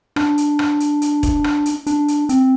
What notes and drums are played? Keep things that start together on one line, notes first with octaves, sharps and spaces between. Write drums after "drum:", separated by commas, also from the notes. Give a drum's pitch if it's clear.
D4, drum: rim click
drum: hi-hat
drum: rim click
drum: hi-hat
drum: hi-hat
drum: kick E1, hi-hat
drum: rim click
drum: hi-hat
D4, drum: hi-hat
drum: hi-hat
C4, drum: hi-hat